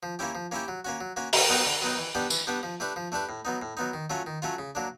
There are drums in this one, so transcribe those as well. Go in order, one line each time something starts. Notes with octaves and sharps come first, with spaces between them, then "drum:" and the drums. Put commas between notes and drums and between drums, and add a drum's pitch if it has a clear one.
F3
A#3 C#4 E4 G4
F3
A#3 C#4 E4 G4
F#3
A#3 C#4 F#4
F#3
A#3 C#4 F#4
D3, drum: open hi-hat
F#3 B3 D#4
D3
F#3 B3 D#4
E3
G3 B3 D4 G4
E3, drum: tambourine
G3 B3 D4 G4
F3
A3 D4 G4 B4
F3
A3 D4 G4 B4
A2
F#3 B3 D#4
A2
F#3 B3 D#4
D#3
F#3 A3 C#4 F4
D#3
F#3 A3 C#4 F4
C#3
F#3 A#3 D4